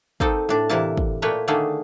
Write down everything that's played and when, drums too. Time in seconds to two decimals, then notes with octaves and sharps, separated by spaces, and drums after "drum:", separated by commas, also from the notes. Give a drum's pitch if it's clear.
0.20 A#3 C4 D#4 A4, drum: kick
0.49 A2 D4
0.69 A2 C3 E3 A#3 E4 A5
0.97 drum: kick
1.22 A#2 A3 A#3 B4 C#5 G5
1.48 D3 D#3 A3 A#3 G#4 A4